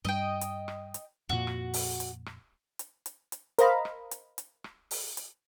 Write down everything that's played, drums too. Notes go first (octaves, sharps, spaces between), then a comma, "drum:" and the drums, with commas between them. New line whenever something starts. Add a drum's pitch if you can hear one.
G2 G3 D#5 G5
drum: hi-hat
drum: rim click
drum: hi-hat
F2 A#2 F#4
drum: rim click
drum: open hi-hat
drum: hi-hat
drum: rim click
drum: hi-hat
drum: hi-hat
drum: hi-hat
A#4 C5 D#5 F5 A#5 B5, drum: hi-hat
drum: rim click
drum: hi-hat
drum: hi-hat
drum: rim click
drum: open hi-hat
drum: hi-hat